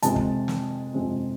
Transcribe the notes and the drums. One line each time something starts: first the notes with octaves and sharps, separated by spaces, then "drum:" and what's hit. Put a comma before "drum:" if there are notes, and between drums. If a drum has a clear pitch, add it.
F2 C3 G#3 C4 A5, drum: hi-hat
drum: kick
drum: snare
F2 C3 G#3 C4